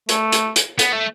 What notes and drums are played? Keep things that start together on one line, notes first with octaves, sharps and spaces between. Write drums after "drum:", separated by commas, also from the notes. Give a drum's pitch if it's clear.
A3, drum: hi-hat
drum: hi-hat
drum: hi-hat
B3, drum: hi-hat
A3